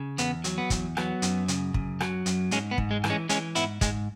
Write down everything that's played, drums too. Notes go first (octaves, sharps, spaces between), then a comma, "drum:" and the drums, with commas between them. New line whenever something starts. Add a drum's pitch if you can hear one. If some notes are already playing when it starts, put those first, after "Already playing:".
Already playing: C#3
E2 B3, drum: hi-hat
F#3, drum: hi-hat
B3
E2, drum: kick, hi-hat
F#3 B3, drum: rim click
F#2, drum: hi-hat
C#3, drum: hi-hat
F#2, drum: kick
F#3, drum: rim click
F#2, drum: hi-hat
G#2 G#3 C#4, drum: hi-hat
B3
G#2, drum: kick
G#3
E3, drum: rim click
G#3 C#4
E3 G#3 C#4, drum: hi-hat
G#2 B3 E4, drum: hi-hat
G#2 G#3, drum: kick, hi-hat